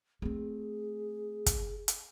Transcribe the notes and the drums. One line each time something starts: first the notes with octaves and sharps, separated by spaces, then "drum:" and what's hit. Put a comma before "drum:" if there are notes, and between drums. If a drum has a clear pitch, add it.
A3 C4 G#4
drum: kick, hi-hat
drum: hi-hat